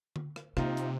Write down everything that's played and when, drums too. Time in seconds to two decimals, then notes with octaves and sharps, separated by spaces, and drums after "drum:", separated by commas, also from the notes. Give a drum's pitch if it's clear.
0.16 drum: tom D3
0.36 drum: rim click
0.57 C3 A#3 D#4 F4, drum: rim click
0.77 drum: hi-hat